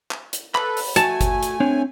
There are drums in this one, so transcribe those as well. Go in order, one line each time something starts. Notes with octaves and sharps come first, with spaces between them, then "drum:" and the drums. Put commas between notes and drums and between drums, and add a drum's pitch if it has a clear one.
drum: clap
drum: hi-hat
A4 B4 B5, drum: clap
drum: open hi-hat
A3 F#4 G#5 A5, drum: hi-hat
drum: kick G1, hi-hat
drum: hi-hat
C4 D4 C#5